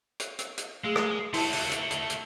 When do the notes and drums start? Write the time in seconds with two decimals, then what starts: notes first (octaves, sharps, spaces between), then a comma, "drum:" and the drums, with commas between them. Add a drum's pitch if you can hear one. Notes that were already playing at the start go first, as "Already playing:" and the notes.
0.20 drum: hi-hat
0.39 drum: hi-hat
0.58 drum: hi-hat
0.84 G#3 A3 G#4
0.96 drum: rim click
1.34 A3 E4 F#4 A5, drum: open hi-hat
1.53 drum: open hi-hat
1.72 drum: hi-hat
1.91 drum: hi-hat
2.10 drum: hi-hat